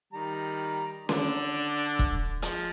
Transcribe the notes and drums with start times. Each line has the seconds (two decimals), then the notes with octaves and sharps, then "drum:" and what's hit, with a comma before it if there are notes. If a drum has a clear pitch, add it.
0.13 D#3 G3 A#5
1.09 D3 D4 D6, drum: snare C#4
1.99 drum: kick E1
2.42 F3 G#3, drum: hi-hat